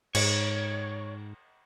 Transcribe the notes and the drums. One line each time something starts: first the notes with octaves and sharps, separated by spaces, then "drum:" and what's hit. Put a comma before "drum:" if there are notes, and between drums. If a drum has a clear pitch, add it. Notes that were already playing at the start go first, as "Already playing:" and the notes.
G#2 C#5, drum: cymbal